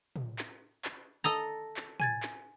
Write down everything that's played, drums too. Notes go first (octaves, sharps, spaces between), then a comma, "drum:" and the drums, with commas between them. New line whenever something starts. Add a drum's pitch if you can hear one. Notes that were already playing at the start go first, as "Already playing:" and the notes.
drum: tom
drum: clap
drum: clap
A4 D#5 A#5
drum: clap
G#5 G#6 A6, drum: tom
drum: clap